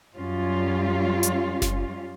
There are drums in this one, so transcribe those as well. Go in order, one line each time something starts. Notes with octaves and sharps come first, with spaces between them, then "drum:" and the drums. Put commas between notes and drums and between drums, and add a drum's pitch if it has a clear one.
F#2 G3 C#4 F4
drum: hi-hat
drum: snare F#1